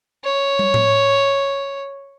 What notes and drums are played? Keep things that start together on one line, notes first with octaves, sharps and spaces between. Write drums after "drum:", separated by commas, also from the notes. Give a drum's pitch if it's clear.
C#5
drum: tom
drum: tom A2